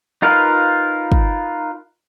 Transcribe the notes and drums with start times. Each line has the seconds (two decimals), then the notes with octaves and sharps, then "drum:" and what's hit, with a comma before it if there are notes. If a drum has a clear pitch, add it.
0.22 D#4 F4 A#4 B4 F5
1.12 drum: kick